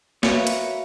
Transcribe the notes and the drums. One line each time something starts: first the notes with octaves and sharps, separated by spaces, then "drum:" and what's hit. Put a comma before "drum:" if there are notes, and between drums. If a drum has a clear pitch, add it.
F#4 A#4 B4 C#5 E5 F5, drum: snare
drum: hi-hat